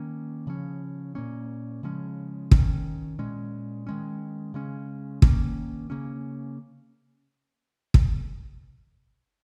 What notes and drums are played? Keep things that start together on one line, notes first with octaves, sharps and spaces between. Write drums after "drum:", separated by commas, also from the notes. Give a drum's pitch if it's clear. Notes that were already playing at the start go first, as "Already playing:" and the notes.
Already playing: D#3 A#3 C#4
C#3 F3 C#4
A#2 A#3 C#4
C#3 F3 G#3 C#4
D#3 C#4, drum: kick
A#2 G#3 C#4
D#3 G#3 C#4
C#3 G#3 C#4
D#3 A#3 C#4, drum: kick
C#3 A#3 C#4
drum: kick